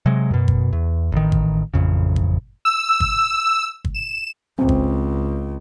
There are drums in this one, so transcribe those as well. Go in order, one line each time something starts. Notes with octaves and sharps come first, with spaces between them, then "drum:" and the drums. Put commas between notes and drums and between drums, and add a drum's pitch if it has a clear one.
C3 F#3 G#3
F#2 B2
drum: kick G1
E2
A1 D#3
drum: kick G1
A1 F2 C#3
drum: kick G1
E6
drum: kick G1
drum: kick G1
E7
C#2 C4
drum: kick G1